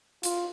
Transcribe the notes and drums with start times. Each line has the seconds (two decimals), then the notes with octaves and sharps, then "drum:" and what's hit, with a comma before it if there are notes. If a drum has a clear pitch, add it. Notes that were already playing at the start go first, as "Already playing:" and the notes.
0.23 F4, drum: hi-hat